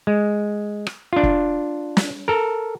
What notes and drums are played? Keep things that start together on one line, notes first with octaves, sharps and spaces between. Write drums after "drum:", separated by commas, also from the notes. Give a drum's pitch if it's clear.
G#3
drum: rim click
D4 F4
drum: kick
drum: snare
A4 A#4